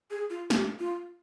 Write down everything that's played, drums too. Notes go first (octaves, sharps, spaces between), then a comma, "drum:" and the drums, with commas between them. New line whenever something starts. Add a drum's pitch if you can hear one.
G#4
F4
G4, drum: snare
F4